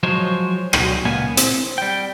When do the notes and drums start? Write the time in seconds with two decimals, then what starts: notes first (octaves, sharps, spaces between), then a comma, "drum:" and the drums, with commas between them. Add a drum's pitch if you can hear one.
0.03 F3 F#3 G#3 C5 C#5
0.73 B2 D3 F#3 D4 G4 G#4, drum: rim click
1.05 C#2 A#2 A#3 B3 G#5
1.37 C4, drum: hi-hat
1.78 G3 G5